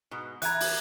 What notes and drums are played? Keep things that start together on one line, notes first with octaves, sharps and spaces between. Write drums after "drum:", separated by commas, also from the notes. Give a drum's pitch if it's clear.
G#2 B2
E3 F#5 A#5 F#6 G#6, drum: hi-hat
drum: open hi-hat